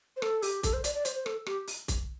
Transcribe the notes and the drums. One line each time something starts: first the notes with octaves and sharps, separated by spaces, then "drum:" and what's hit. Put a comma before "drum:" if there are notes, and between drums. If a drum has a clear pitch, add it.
C5
A4, drum: rim click
G4, drum: open hi-hat
A4, drum: kick, hi-hat
C5
D5, drum: hi-hat
D5
C5, drum: hi-hat
C5
A4, drum: rim click
G4, drum: rim click
drum: open hi-hat
drum: kick, hi-hat